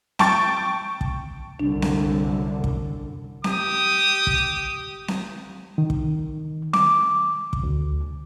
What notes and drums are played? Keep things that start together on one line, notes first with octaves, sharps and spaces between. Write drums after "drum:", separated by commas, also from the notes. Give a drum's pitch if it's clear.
G5 A5 C#6 A6, drum: snare C4
drum: kick
C2 F#2 D3 D4
drum: snare C4
drum: kick
G4 D#6, drum: snare C4
drum: kick
drum: snare C4
D#3
drum: kick
D6, drum: snare C4
drum: kick
D2